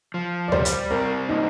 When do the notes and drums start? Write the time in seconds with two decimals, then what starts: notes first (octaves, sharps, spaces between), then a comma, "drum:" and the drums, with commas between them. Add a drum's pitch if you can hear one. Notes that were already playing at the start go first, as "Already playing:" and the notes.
0.14 F3
0.48 D5
0.52 G3 C5, drum: tom D2
0.65 drum: hi-hat
0.91 C4 A#4
1.29 A#2 D#4